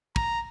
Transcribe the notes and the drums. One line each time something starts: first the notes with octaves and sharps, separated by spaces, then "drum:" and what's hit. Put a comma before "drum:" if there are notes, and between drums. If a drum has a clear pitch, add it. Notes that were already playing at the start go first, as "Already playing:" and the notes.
A#5, drum: kick